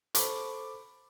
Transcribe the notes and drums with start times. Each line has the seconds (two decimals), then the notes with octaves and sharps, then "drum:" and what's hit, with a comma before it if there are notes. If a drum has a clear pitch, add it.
0.15 A4 C5 B5 C#6 D6, drum: hi-hat